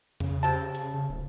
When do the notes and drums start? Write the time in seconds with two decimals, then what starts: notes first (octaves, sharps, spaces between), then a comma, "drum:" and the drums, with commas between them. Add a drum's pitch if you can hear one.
0.20 C#3, drum: tom E2
0.43 C3 A5
0.75 drum: hi-hat
0.94 C#3
1.10 D1